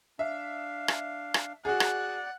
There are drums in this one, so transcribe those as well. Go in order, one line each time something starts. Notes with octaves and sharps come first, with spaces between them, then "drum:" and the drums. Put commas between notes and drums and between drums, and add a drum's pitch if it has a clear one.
D4 E5 F5
drum: rim click
drum: rim click
F#4 G#4 D5 F#5
drum: rim click